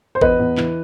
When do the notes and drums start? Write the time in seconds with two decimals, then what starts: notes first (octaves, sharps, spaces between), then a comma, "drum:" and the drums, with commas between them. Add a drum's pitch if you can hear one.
0.15 C5
0.21 E2 B4 D#5, drum: kick G#1
0.40 E2
0.58 E3, drum: clap